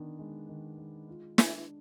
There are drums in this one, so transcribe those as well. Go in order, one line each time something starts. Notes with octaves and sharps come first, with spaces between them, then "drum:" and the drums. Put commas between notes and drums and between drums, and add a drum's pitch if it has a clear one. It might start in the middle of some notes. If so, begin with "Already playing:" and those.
Already playing: D#3 B3 D4
G#3
D#3
G#3
F4
D4, drum: snare